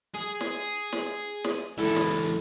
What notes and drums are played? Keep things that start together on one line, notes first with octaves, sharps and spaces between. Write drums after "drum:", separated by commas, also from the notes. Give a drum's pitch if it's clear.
G#4
drum: snare
drum: snare
drum: snare
C#2 E3 E4 A4
drum: snare